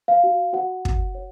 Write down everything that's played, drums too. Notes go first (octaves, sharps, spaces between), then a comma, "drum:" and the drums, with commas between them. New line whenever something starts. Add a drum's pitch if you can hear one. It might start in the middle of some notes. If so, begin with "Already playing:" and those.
F5
F#4
F#4 F#5
F#4, drum: kick
C#5